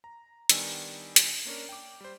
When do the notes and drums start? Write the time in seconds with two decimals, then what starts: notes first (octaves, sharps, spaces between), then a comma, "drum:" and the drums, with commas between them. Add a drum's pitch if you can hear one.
0.04 A#5
0.49 D#3 G3 B3 D4 G#5 E6, drum: hi-hat
1.16 drum: hi-hat
1.45 A#3 C#4 D4 A#4
1.69 G5 D6
2.01 G3 C5